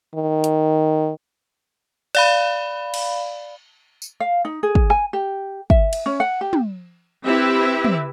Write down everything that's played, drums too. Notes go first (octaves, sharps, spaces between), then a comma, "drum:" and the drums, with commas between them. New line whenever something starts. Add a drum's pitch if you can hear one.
D#3
drum: hi-hat
D5 F5 B5, drum: cymbal
drum: cymbal
drum: tambourine
F5
D#4
G#4
drum: kick
G#5, drum: rim click
G4
E5, drum: kick
drum: cymbal
C#4
F#5
G4
drum: tom
C4 E4 G4 B4 E5
drum: tom